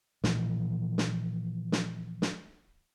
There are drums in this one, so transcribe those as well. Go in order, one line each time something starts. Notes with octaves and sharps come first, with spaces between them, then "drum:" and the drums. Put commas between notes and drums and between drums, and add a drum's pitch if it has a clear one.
A#2 E3 F3, drum: snare
drum: snare
drum: snare
drum: snare